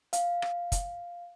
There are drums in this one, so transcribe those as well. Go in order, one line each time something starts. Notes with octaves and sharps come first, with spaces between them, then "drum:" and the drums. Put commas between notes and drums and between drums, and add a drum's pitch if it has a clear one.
F5, drum: hi-hat
drum: rim click
drum: kick, hi-hat